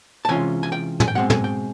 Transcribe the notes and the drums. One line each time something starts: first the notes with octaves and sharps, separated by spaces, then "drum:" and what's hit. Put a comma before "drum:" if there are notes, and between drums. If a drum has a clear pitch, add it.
A5
C3 E3 G#3 C#4 F4 G#5
G#5
G5
G#5, drum: tom
G5
B2 G#3 C4 F#5
G#5, drum: tom
G5